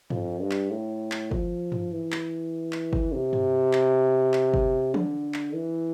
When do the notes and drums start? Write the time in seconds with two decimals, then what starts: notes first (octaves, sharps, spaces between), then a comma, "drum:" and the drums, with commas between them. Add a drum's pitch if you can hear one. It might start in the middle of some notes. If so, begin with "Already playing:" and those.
0.10 F2, drum: tom G2
0.41 G2
0.51 drum: clap
0.71 A2
1.12 drum: clap
1.31 F3, drum: kick G1
1.72 drum: tom G2
1.93 E3
2.12 drum: clap
2.73 drum: clap
2.93 drum: kick G1
3.12 C3
3.33 drum: tom G2
3.73 drum: clap
4.33 drum: clap
4.54 drum: kick G1
4.94 D3, drum: tom E3
5.34 drum: clap
5.55 E3